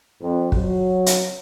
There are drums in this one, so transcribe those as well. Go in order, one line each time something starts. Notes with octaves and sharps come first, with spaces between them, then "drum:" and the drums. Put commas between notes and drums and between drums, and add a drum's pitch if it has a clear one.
F2
F#3, drum: kick
drum: hi-hat